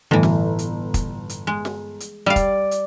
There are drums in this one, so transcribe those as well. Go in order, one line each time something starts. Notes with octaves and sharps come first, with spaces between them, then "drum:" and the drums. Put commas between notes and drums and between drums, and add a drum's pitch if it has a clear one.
G1 A2 E3
drum: snare
drum: hi-hat
drum: kick, hi-hat
drum: hi-hat
G#3
drum: snare
drum: hi-hat
G3 D5 F5
drum: kick, hi-hat
drum: hi-hat